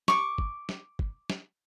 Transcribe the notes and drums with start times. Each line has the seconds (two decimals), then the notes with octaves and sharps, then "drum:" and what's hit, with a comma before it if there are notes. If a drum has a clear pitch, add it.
0.08 C#6 D6, drum: snare
0.38 drum: kick
0.69 drum: snare
0.99 drum: kick
1.30 drum: snare